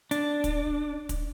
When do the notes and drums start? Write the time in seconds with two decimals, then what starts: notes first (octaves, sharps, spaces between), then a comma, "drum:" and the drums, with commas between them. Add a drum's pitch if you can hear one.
0.11 D4, drum: hi-hat
0.44 drum: kick, hi-hat
1.09 drum: kick, hi-hat